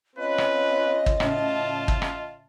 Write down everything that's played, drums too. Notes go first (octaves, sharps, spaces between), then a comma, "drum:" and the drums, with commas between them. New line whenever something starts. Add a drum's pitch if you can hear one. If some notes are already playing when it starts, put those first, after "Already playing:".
C4 C#4 F4 B4 D#5
drum: rim click
drum: kick
A2 C#3 F4 A5, drum: rim click
drum: kick
drum: rim click